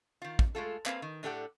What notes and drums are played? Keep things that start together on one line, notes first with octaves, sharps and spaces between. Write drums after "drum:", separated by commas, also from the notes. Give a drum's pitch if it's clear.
D#3 F4
drum: kick
G#3 A3 F4 A4
A#3 C4 B4 F5, drum: clap
D#3
A2 D4 G4 A4 D5 F#5